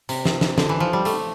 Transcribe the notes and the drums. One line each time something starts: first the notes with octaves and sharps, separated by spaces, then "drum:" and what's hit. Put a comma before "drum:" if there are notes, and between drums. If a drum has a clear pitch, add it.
C3, drum: hi-hat
drum: snare
drum: snare
D3, drum: snare
E3
F3
G3
A3, drum: hi-hat